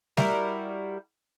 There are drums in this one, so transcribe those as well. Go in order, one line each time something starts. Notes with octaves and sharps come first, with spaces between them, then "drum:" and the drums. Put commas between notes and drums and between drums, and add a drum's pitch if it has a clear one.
G3 E4 F#4 A#4, drum: snare G3